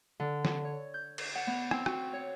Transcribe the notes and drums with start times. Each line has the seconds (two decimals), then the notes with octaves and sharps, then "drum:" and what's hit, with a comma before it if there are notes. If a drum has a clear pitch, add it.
0.20 D3
0.45 drum: snare
0.65 C#5
0.94 G6
1.18 drum: cymbal
1.35 F#5
1.47 B3
1.71 C4, drum: rim click
1.86 F#4, drum: rim click
2.13 C#5